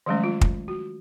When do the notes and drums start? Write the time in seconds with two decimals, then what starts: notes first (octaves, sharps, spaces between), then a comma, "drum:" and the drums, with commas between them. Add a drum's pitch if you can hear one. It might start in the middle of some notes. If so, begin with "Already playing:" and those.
0.06 D#3 F3 F#3 G#3 A3 C#4
0.24 F4
0.41 drum: kick
0.68 F#4